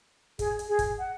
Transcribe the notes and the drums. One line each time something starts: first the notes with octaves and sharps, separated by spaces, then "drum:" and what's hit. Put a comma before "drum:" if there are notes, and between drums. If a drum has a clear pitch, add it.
G#4, drum: kick, hi-hat
drum: hi-hat
G#4
drum: kick, hi-hat
F#5